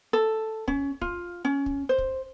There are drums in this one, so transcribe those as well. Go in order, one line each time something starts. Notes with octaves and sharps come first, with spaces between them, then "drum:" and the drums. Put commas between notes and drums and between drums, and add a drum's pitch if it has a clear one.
A4
C#4, drum: kick
F4, drum: kick
C#4
drum: kick
C5
drum: kick